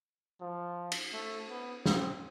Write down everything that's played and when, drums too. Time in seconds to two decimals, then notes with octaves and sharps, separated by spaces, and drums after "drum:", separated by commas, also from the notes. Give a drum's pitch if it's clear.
0.41 F3
0.92 drum: cymbal
1.13 A3
1.50 B3
1.86 C4, drum: snare